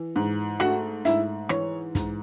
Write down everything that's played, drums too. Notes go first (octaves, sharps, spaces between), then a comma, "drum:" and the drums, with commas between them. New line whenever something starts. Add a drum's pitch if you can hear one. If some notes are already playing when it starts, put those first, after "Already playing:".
Already playing: E3
G#2
A3 F#4 F#5, drum: rim click
G#2 E4 E5, drum: hi-hat
E3 C#5, drum: rim click
G#2, drum: kick, hi-hat